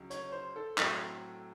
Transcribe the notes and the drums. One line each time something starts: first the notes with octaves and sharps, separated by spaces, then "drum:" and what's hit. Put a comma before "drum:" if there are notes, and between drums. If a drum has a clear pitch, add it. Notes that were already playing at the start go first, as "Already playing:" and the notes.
Already playing: C#2 C#3 F#3
C#5, drum: hi-hat
C5
A4
A2 F#3 C4 E4, drum: clap